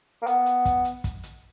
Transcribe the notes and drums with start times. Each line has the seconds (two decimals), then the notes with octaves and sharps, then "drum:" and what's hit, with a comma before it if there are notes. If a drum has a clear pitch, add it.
0.22 A#3
0.27 B3, drum: hi-hat
0.46 drum: hi-hat
0.65 drum: kick, hi-hat
0.85 drum: hi-hat
1.04 drum: kick, hi-hat
1.23 drum: hi-hat